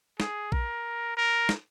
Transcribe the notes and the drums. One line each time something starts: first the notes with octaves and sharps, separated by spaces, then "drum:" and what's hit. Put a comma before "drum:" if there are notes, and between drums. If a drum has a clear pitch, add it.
G#4, drum: snare
A#4, drum: kick A#1
A#4
drum: snare